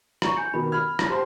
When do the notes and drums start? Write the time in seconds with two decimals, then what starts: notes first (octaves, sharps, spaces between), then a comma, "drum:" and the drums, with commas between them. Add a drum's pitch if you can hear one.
0.22 A#5 C#6, drum: rim click
0.37 G#5 G6 C#7
0.54 B2 D#3 B5
0.72 B5 F6 G#6
0.99 drum: rim click
1.09 G4 C5 A5 C6